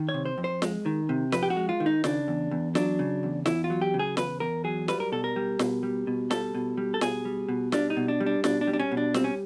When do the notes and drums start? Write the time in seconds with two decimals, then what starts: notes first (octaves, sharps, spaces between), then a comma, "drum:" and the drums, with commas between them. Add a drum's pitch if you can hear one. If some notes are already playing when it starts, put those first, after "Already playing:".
Already playing: D#3
0.09 C#5
0.14 C3
0.26 C5
0.38 F2
0.44 C5
0.62 G#3, drum: snare
0.86 D#3
1.09 C3
1.32 F2 B4, drum: snare
1.43 G4
1.50 F#4
1.56 G#3
1.69 F4
1.80 D#3
1.86 D#4
2.04 C#3 D4, drum: snare
2.28 E2
2.51 E2
2.75 F#3 D4, drum: snare
2.99 C#3
3.23 E2
3.46 E2 E4, drum: snare
3.64 F4
3.70 F#3
3.81 G4
3.94 C#3
3.99 G#4
4.17 E2 B4, drum: snare
4.40 E2 A#4
4.64 F#3 G#4
4.88 G3 B4, drum: snare
5.00 A#4
5.12 B2 A4
5.24 A#4
5.36 G3
5.59 B2, drum: snare
5.83 G3
6.07 B2
6.31 G3 A4, drum: snare
6.55 B2
6.77 G3
6.94 A4
7.01 B2 G#4, drum: snare
7.25 G3
7.49 B2
7.72 G3 D4, drum: snare
7.90 D#4
7.97 B2
8.08 D4
8.20 G3
8.26 D4
8.44 B2 D4, drum: snare
8.61 D4
8.67 G3
8.73 D4
8.80 C#4
8.92 B2
8.97 D4
9.14 G3 C4, drum: snare
9.24 C#4